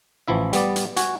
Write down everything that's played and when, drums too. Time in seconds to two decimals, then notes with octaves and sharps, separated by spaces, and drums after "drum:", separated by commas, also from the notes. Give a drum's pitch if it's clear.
0.28 A1 E3 F3 E4 E5
0.53 G3 B3 D5, drum: hi-hat
0.76 drum: hi-hat
0.97 F#4 G#5, drum: hi-hat